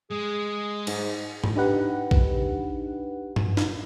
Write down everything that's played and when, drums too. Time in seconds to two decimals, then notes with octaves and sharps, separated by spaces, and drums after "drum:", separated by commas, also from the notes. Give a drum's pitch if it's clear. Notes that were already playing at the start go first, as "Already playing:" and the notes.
0.11 G#3 G#4
0.87 G#2, drum: cymbal
1.44 drum: tom G#2
1.56 D4 D#4 G4 B4 F#5
2.11 drum: kick A#1
3.36 drum: tom G2
3.57 drum: snare